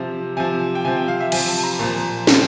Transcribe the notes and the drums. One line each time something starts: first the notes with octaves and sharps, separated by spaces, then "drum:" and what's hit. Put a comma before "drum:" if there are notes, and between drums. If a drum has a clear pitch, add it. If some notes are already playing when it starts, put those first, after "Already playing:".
Already playing: C3 F3
C3 F3 G#5
G5
C3 F3 G#5
G5
F5
E5
C3 F3 G#5, drum: cymbal
A5
A#5
A#2 F3
A#2 F3, drum: snare